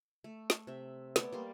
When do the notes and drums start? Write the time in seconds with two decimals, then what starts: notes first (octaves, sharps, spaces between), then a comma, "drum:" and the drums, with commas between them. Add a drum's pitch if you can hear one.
0.24 A3
0.50 drum: snare
0.67 C3 E5
1.16 A3 B3 C#5 D5, drum: snare
1.32 G3 A#3 C6